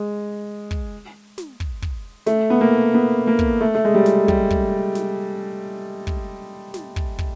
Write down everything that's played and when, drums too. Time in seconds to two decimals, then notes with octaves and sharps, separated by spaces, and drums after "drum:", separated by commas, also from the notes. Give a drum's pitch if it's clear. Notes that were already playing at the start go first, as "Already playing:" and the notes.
Already playing: G#3
0.71 drum: kick
1.38 drum: snare
1.60 drum: kick
1.82 drum: kick
2.26 A3, drum: snare
2.50 B3
2.61 A#3
2.94 B3
3.27 A#3
3.39 drum: kick
3.61 A3
3.75 A3
3.85 G#3
3.95 G3
4.06 drum: snare
4.28 G3, drum: kick
4.50 drum: kick
4.95 drum: snare
6.07 drum: kick
6.74 drum: snare
6.96 drum: kick
7.19 drum: kick